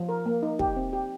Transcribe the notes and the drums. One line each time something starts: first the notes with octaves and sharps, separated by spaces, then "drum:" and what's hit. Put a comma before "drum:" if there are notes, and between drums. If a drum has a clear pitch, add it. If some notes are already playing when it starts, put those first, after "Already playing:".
Already playing: F3
A#4
A#3
D#4
G4, drum: kick
C4
G4